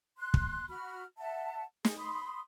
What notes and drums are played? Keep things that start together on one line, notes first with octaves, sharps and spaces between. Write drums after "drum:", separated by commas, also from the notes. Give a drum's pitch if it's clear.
C6 F#6
drum: kick
F#4 B5 F6
E5 F#5 A5
G#4, drum: snare
B5 C6 D#6